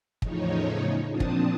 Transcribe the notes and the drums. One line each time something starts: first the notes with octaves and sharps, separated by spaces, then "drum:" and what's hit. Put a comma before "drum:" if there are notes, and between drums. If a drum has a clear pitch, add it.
E2 A2 C#3 F3 D#4 C#5, drum: kick
A#2 F3 C4 D4 A5 D#6
drum: kick